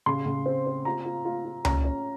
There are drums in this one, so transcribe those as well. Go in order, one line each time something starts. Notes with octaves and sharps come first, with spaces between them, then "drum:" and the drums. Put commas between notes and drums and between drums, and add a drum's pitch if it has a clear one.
C#3 C6
C#3
C4
C4
F4 A#5
F4
F4
F4
C#4 A#5, drum: tom C#2
C#4